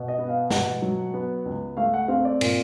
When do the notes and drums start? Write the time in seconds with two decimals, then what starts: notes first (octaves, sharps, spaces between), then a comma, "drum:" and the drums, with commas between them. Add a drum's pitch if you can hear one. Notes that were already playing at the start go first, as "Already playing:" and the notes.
Already playing: B2
0.08 D#5
0.18 B3
0.29 F5
0.50 B2 F#5, drum: snare
0.82 F#3
1.14 B3
1.45 C#2
1.77 A3 F5
1.94 F#5
2.08 C4 F5
2.25 D5
2.41 A#2, drum: cymbal